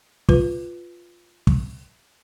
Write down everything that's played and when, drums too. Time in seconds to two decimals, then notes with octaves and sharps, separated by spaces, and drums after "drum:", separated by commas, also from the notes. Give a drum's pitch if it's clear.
0.29 F4 B4, drum: kick
1.47 drum: kick